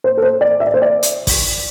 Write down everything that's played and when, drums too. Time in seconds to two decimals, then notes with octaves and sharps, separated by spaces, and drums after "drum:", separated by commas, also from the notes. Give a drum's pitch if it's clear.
0.04 C5
0.17 A4
0.23 C5
0.41 D5
0.60 E5
0.67 D5
0.74 C5
0.82 D5
1.03 drum: hi-hat
1.27 drum: kick, open hi-hat